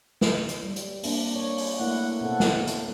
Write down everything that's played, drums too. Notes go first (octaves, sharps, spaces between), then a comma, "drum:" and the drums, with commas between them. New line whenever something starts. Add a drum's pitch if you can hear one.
drum: snare
drum: hi-hat
G3
drum: hi-hat
A#3 C4 D4, drum: open hi-hat
C#5
drum: open hi-hat
A3 A#3 E4 F#5
B2 C4 A4
drum: snare
drum: hi-hat